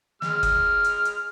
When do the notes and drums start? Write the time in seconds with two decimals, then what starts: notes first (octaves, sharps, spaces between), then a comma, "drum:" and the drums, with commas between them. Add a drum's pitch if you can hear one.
0.22 G#3 F6, drum: snare
0.43 drum: kick F#1, hi-hat
0.84 drum: hi-hat
1.05 drum: hi-hat